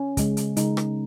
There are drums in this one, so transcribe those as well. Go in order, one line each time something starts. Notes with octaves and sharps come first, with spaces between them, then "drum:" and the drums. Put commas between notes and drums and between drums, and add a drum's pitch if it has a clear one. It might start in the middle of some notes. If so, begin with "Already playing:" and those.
Already playing: C#4
C#3 G#3, drum: kick, hi-hat
drum: hi-hat
C#3 G#3 D#4, drum: hi-hat
drum: rim click